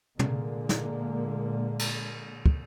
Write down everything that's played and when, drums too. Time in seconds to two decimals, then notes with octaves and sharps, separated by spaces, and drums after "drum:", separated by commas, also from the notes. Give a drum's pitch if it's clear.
0.19 A#2 D3 G#3 A#3, drum: tom
0.69 drum: snare
1.79 drum: cymbal
2.46 drum: kick